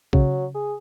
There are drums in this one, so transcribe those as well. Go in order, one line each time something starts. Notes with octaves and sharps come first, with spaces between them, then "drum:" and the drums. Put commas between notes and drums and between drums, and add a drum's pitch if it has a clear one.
C#3 F#3, drum: kick A#1
G#4